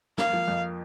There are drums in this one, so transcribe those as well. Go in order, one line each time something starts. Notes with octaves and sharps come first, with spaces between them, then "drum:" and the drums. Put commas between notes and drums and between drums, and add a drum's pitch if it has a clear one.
A#3 F5, drum: snare
F3
F2